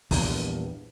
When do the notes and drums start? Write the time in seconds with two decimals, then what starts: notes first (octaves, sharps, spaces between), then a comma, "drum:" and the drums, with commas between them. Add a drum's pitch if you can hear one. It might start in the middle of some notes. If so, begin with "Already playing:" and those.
0.11 A#1 E2 G2, drum: kick, open hi-hat